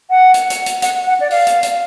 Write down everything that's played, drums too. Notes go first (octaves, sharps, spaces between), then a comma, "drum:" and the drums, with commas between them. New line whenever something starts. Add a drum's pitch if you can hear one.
F#5
drum: hi-hat
drum: hi-hat
drum: hi-hat
F#5, drum: hi-hat
F#5
D5
F5, drum: open hi-hat
drum: hi-hat
drum: hi-hat